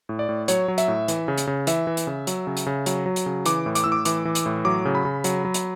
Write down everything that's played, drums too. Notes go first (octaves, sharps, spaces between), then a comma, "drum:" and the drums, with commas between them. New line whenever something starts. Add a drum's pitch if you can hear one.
A2
D5
A2
F#3 C#5, drum: hi-hat
F#3
E5, drum: hi-hat
A2
E3, drum: hi-hat
C#3
drum: hi-hat
C#3
E3 E5, drum: hi-hat
E3
drum: hi-hat
C#3
F#3, drum: hi-hat
C#3
drum: hi-hat
C#3
F#3, drum: hi-hat
F#3
drum: hi-hat
C#3
E3 D6, drum: hi-hat
A2
D6, drum: hi-hat
A2 E6
D6
E3 D6, drum: hi-hat
E3
drum: hi-hat
A2
F#3 D6
C#3
B5
C#3
F#3, drum: hi-hat
F#3
drum: hi-hat